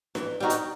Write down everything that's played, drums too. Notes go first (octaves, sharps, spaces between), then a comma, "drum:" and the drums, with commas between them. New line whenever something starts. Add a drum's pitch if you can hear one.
E3, drum: snare D4
G3 B3 D#4 F#4
drum: hi-hat